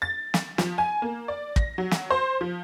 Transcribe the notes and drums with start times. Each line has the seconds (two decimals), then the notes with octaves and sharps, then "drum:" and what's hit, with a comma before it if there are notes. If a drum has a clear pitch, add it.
0.02 A6
0.34 drum: snare
0.58 F3, drum: snare
0.78 G#5
1.02 A#3
1.28 D5
1.56 A#6, drum: kick
1.78 F#3
1.91 drum: snare
2.11 C5
2.41 F3